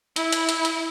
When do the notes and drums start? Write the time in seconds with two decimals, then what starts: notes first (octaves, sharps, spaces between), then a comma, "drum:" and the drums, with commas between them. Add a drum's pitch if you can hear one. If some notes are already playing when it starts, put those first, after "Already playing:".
0.16 E4, drum: hi-hat
0.32 drum: hi-hat
0.49 drum: hi-hat
0.65 drum: hi-hat